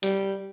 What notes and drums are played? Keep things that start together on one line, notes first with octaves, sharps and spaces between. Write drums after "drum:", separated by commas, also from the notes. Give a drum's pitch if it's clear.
G3, drum: hi-hat